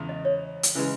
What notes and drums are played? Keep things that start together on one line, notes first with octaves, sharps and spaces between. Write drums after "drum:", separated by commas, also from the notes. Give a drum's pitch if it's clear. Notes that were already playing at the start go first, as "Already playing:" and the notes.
Already playing: E2 C#3 G#3
D#5
C#5
drum: hi-hat
C#3 E3 G#3